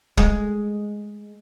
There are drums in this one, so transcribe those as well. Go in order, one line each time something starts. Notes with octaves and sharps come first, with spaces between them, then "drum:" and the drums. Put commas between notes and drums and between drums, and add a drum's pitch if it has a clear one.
G#3, drum: kick